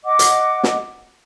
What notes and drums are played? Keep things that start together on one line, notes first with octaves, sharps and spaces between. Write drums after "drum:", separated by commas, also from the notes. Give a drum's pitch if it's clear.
D#5 F#5 D6
drum: hi-hat
drum: snare